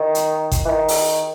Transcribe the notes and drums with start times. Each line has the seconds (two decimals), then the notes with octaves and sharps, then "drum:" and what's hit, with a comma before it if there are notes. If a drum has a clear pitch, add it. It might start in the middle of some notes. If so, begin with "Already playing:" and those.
Already playing: D#3
0.15 drum: hi-hat
0.52 drum: kick G1, hi-hat
0.65 E3
0.70 D#3
0.88 drum: open hi-hat